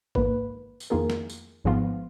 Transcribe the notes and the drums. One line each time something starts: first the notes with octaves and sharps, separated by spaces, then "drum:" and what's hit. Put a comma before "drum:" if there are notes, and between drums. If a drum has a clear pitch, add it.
G#2 D#3 A#3 B4, drum: kick G#1
drum: tambourine
F2 D#3 A#3 F4 G#4 A#4
drum: snare
drum: tambourine
G#1 G#2 F3 B3 F4